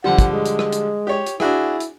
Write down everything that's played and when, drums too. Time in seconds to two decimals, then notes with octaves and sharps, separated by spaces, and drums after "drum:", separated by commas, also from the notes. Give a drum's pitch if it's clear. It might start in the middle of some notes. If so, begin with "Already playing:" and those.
0.04 D3 F3 G3 F#5
0.19 drum: kick, hi-hat
0.31 G#3
0.45 drum: hi-hat
0.59 drum: rim click
0.72 drum: hi-hat
1.07 G4 C#5
1.26 drum: hi-hat
1.40 D4 E4 F#4 G#4, drum: rim click
1.80 drum: hi-hat